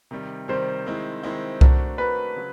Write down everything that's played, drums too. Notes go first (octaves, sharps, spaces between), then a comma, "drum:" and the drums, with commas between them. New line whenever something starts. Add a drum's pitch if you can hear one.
C3 D#3 G3
C3 D#3 G3 C5
D#3 G#3 C4 E4
D#3 G#3 C4 E4
A3 D4 F#4 A#4, drum: kick C2
A3 D4 F#4 A#4 B4
C#3 F#3